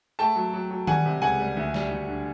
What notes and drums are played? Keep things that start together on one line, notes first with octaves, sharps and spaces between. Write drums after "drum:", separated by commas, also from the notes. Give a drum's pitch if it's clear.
A3 G5 A5
F#3
F#3
F#3
G3 F#5 G#5, drum: tom D#3
C3
C#2 F#5 G#5
G3
D2
G3, drum: snare
D2
D3